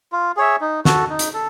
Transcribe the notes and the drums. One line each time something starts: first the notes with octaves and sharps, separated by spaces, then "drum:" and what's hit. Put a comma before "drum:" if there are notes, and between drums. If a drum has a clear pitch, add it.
F4
G#4 C#5 E5
D#4
F#4 A4, drum: snare
D#4
drum: hi-hat
A4